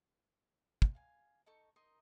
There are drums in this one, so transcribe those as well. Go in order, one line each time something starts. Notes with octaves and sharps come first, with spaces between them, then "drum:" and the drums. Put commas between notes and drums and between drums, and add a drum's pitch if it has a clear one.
drum: kick
F5 G#5
D#4 A4 C#6
D#4 A#4 D#5 C6